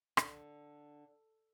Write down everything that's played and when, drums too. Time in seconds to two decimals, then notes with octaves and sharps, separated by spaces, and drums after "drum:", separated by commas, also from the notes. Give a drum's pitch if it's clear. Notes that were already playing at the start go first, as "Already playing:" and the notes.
0.17 D3, drum: rim click